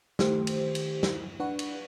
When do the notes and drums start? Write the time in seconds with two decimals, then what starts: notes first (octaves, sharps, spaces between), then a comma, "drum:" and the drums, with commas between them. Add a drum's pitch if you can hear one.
0.19 D#3 A3 G4 C5, drum: snare
0.47 drum: cymbal
0.75 drum: cymbal
1.03 drum: snare
1.40 D4 B4 F#5 C#6
1.59 drum: cymbal